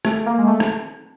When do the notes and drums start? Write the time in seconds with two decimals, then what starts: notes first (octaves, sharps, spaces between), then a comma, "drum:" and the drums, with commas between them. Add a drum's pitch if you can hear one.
0.05 A3, drum: rim click
0.26 A#3
0.38 G#3
0.47 A3
0.60 drum: rim click